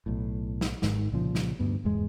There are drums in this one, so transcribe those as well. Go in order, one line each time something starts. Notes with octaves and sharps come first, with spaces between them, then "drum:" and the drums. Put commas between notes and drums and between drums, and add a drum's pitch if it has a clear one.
B1 A2
drum: snare
G#1 G#2 D#3, drum: snare
C2 A#2 C#3 F3
drum: snare
D2 G2 B3
F#1 E2 G#2 G#3